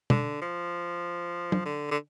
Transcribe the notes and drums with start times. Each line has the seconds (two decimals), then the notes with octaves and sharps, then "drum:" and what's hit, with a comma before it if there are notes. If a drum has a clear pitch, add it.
0.10 D3, drum: tom
0.41 F3
1.52 drum: tom
1.65 D3
1.91 D3